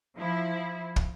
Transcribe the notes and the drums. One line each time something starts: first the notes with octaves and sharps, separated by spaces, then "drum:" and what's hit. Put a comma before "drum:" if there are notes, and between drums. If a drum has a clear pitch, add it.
F3 E4
drum: kick